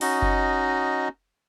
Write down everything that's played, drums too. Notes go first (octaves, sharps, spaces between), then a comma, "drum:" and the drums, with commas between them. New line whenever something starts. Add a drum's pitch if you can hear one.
C#4 D#4 F#4 D#5, drum: open hi-hat
drum: kick F#1